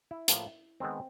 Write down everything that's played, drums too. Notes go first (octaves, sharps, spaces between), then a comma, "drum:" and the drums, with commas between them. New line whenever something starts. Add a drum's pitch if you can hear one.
E4
A2 F3 A#3, drum: hi-hat
D#3 G#3 B3 C4